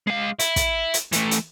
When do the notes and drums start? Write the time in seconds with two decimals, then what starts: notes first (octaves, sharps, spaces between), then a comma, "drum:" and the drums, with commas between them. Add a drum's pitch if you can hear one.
0.07 G#3 F5
0.39 E4, drum: hi-hat
0.56 drum: kick, hi-hat
0.94 drum: hi-hat
1.12 E3 A3, drum: hi-hat
1.31 drum: hi-hat